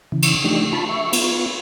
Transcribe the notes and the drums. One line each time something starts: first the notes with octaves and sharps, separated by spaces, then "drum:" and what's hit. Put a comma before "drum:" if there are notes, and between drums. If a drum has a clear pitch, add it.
C#3 E3
drum: cymbal
F3 A3 D4 D#4 G4
F4 A5 B5
E5 C#6
B3 F4, drum: cymbal